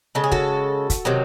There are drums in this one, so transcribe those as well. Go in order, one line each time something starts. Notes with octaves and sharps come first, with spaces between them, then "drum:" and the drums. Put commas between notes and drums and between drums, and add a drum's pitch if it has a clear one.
C#3 G#3 A4
G#4
F#4 A4, drum: kick
drum: kick, hi-hat
C3 D#3 F#3